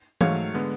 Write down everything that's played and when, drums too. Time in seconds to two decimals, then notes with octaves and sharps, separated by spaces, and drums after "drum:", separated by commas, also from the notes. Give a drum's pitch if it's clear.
0.21 G#2 F#3 A3 C#5 F5, drum: tom E3
0.54 D3 G#3 B3